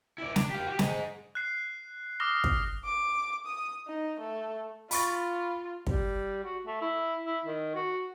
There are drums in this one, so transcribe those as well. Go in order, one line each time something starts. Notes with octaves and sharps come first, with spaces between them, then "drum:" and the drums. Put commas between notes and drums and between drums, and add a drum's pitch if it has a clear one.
E4 D5
D4, drum: snare
G4 F5
F#4 G4
D#4 G#4, drum: snare
F#6 C7
D6 D#6 F6 A#6 C7 G7
drum: kick
D6
D#6
D#4
A3
F4 B5 C#6 A6, drum: open hi-hat
G3, drum: kick
F#4
A3
E4
E4
D#3
F#4